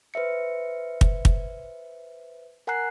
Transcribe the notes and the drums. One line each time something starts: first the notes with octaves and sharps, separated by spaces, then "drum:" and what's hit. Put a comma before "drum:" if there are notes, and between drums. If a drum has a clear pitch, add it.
B4 C5 E5 C#7
drum: kick
drum: kick
A#4 F#5 G#5 A#5 F#6 C7